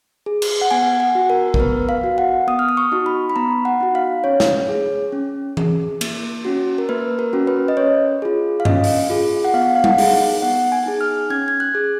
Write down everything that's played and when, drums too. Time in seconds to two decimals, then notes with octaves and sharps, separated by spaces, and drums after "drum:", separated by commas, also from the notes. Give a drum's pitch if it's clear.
0.26 G#4
0.42 drum: cymbal
0.61 F#5
0.71 B3 G#5
1.00 F#5
1.15 F#4
1.30 A#4
1.54 A#4, drum: kick
1.59 B3 B4
1.89 F5
2.04 F#4
2.18 F#5
2.47 B3 D#6
2.59 F6
2.69 D#6
2.77 C#6
2.92 D#4 F#4
3.06 B5
3.30 B5
3.36 B3 A#5
3.65 F#5
3.80 D#4 F#4
3.95 F5
4.24 C#4 C#5
4.40 drum: snare
4.69 G#4
5.12 C#4
5.57 G#4, drum: tom E3
6.01 A#3, drum: cymbal
6.45 C#4 F#4
6.78 A#4
6.89 A#3 B4
7.19 A#4
7.33 C#4 F#4
7.47 B4
7.68 D#5
7.77 C#4 C#5
8.22 F4 G#4
8.60 F5
8.65 C#4 D#5, drum: tom G2
8.84 drum: open hi-hat
9.10 F4 G#4
9.45 F#5
9.54 B3 F5
9.75 F5
9.84 F#5, drum: tom G3
9.98 D#4 G#4, drum: open hi-hat
10.42 B3 F#5
10.72 G#5
10.86 D#4 G#4
11.01 F6
11.30 C#4 G#6
11.48 G#6
11.60 F#6
11.75 G#4